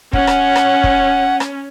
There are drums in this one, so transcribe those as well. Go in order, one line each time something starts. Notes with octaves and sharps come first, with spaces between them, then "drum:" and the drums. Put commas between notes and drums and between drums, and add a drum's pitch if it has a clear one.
C#4 F#5, drum: kick
drum: rim click
drum: rim click
drum: kick
drum: rim click